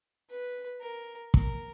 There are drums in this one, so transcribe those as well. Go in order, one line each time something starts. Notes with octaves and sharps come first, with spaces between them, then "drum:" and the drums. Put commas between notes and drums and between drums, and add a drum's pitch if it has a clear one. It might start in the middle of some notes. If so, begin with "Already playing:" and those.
B4
A#4
A#4, drum: kick